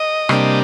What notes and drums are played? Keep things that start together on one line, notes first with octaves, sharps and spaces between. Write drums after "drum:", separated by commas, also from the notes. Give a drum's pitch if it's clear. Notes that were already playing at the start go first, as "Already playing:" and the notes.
Already playing: D#5
C3 G3 A#3 D4, drum: rim click